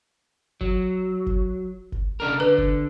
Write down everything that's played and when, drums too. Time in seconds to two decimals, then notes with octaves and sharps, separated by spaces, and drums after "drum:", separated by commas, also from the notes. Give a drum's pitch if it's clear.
0.61 F#3, drum: kick F#1
1.26 drum: kick F#1
1.92 drum: kick F#1
2.20 C#3 D4 A#4
2.40 D3 B4
2.58 drum: kick F#1